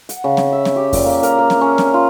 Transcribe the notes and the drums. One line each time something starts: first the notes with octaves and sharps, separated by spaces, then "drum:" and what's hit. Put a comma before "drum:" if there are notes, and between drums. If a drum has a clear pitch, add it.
F#5, drum: hi-hat
C#3
drum: snare C4
E5
drum: snare C4
G4
A#2, drum: kick F2, open hi-hat
A#3
A#4, drum: hi-hat
A#4
drum: snare C4
C#4
drum: snare C4
F4